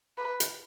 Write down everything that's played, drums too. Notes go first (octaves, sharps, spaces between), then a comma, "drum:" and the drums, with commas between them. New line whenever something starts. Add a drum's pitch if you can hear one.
B4
drum: hi-hat